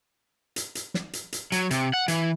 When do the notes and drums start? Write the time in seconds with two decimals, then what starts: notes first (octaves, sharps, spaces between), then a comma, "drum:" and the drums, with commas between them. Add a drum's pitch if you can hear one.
0.56 drum: hi-hat
0.75 drum: hi-hat
0.94 drum: snare
1.13 drum: hi-hat
1.32 drum: hi-hat
1.52 F#3, drum: hi-hat
1.71 C3, drum: hi-hat
1.93 F#5
2.08 E3, drum: hi-hat